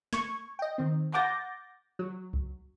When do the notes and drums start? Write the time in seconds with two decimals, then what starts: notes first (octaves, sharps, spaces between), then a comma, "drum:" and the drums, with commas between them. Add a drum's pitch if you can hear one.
0.13 C#6 G#6, drum: snare
0.59 D#5 G5
0.78 D#3 C4
1.14 F#5 D6 G6 A6 A#6, drum: clap
1.99 F#3
2.33 drum: kick C2